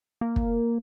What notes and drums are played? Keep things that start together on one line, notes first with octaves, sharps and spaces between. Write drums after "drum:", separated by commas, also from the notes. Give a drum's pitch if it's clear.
A#3
drum: kick